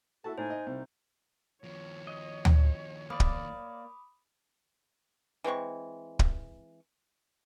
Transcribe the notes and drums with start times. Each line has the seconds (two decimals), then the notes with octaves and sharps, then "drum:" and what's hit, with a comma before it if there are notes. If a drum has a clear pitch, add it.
0.24 E4 F#4 A4 A5
0.38 A2 D#4 C5 G#5
0.50 D#5
0.67 C2
1.64 D#2 F3 C#5
2.07 D#5
2.45 drum: tom D2
3.10 A#3 D5 B5 D6 D#6
3.20 drum: kick
5.44 E3 G#3 C4 C#6
6.19 drum: kick